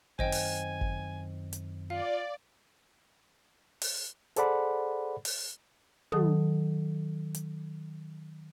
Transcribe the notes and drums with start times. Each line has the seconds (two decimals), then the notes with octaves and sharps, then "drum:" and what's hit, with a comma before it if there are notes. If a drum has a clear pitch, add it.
0.19 F#2 D#3 C4 C5 D#5 G5 G#5, drum: kick G#1
0.32 drum: open hi-hat
0.81 drum: kick G#1
1.53 drum: hi-hat
1.90 F4 D5 F5
3.82 drum: open hi-hat
4.36 G#4 A4 C5 D5 F#5 B5, drum: hi-hat
5.25 drum: open hi-hat
6.12 D#3 F#3 A4 A5 D#6, drum: tom
7.35 drum: hi-hat